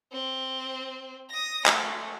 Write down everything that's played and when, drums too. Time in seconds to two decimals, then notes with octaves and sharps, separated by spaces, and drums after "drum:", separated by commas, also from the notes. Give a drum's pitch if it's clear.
0.13 C4
1.30 D#6 A#6
1.66 A3, drum: clap